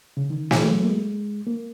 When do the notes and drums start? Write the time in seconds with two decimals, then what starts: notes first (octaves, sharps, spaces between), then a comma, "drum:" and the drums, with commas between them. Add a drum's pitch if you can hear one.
0.17 C#3
0.30 D#3
0.51 E3, drum: snare
0.69 F#3
0.83 A#3
0.88 G#3
1.47 A#3